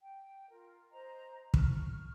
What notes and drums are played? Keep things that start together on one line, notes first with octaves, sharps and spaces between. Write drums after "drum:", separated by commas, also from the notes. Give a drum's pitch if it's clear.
G5
F4 A#4
C5 D#5 A#5
C#6 F6, drum: kick